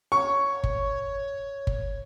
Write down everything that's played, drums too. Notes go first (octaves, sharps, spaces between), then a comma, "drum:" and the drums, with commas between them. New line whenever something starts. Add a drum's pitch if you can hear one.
C#5 C#6
drum: kick G1
drum: kick G1